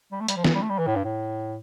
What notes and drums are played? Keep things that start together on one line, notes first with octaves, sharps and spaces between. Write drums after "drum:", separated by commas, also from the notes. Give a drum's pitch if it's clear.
G3
A3
G3, drum: hi-hat
F3
E3, drum: snare
G3
A3
G3
E3
A2
G2
A2